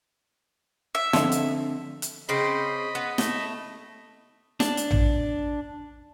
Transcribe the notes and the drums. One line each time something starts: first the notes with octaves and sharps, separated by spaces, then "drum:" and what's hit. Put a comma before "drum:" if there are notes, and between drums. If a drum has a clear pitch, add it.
E5
D3 F3 A3 C4 D#4, drum: snare
drum: hi-hat
drum: hi-hat
C#3 C4 C5 D#5 B5
B3
A3, drum: snare
D4, drum: snare
drum: hi-hat
drum: tom A1